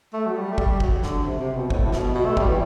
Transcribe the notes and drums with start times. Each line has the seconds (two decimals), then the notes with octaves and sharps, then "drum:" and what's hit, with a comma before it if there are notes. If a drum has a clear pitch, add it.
0.13 A3
0.26 F#3
0.36 G3
0.53 A3
0.58 G3, drum: kick
0.80 F#3, drum: kick
1.03 D3, drum: snare
1.25 C3
1.40 C3
1.55 B2
1.70 A2, drum: kick
1.86 A2
1.93 B2, drum: snare
2.15 B2
2.26 A3
2.37 G3, drum: kick
2.48 E3